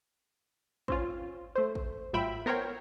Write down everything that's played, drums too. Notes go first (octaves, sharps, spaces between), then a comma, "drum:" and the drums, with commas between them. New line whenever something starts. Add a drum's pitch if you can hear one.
C4 C#4 F4, drum: kick
A3 C5
drum: kick
A1 F#3 F4 E5 G5 B5
B3 A#4 C5 C#5 G5